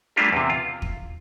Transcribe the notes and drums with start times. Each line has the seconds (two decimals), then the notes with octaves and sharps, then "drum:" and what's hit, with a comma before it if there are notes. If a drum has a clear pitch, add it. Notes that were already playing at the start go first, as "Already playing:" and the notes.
0.16 G3 A3 A#3 D4 F4 G4
0.32 E2 C3
0.50 F4
0.82 drum: kick